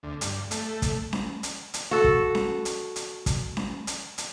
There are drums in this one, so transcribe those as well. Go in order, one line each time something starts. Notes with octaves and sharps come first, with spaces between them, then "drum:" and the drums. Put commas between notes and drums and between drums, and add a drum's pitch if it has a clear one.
D2
G2, drum: hi-hat
A3, drum: hi-hat
drum: kick, hi-hat
drum: snare C#4
drum: hi-hat
drum: hi-hat
F#4 A4
drum: kick
drum: snare C#4
drum: hi-hat
drum: hi-hat
drum: kick, hi-hat
drum: snare C#4
drum: hi-hat
drum: hi-hat